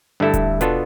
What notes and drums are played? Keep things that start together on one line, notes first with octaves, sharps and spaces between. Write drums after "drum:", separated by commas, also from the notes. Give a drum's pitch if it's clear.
G2 D3 A3 E4 A4
drum: kick D#1, hi-hat
B2 B3 D4 F4 A4, drum: hi-hat